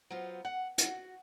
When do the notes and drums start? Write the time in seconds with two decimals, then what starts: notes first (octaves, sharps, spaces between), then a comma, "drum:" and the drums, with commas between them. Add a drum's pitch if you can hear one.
0.10 F#3 B3 F4 C5
0.45 F#5
0.78 F#4, drum: hi-hat